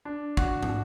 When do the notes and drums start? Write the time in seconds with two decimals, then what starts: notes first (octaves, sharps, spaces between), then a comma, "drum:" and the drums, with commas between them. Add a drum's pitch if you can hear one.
0.05 D4
0.37 F#4, drum: kick
0.63 drum: tom